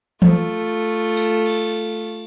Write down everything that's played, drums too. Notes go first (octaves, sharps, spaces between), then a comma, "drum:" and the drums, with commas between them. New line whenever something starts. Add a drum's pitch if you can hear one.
A3 F4, drum: tom E3
drum: tambourine
drum: cymbal